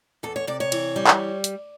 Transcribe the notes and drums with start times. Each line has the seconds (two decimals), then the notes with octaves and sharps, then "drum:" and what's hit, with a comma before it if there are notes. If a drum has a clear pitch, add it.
0.23 E2 A4
0.36 C#5
0.47 C3 D5
0.60 C#5
0.72 E3, drum: cymbal
0.96 G3
1.07 drum: clap
1.44 drum: hi-hat